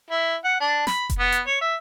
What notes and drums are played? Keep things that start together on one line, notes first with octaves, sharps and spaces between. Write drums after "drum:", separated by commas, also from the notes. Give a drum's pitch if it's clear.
E4
F#5
D4
B5, drum: snare
drum: kick F1, hi-hat
B3
drum: hi-hat
C#5
E5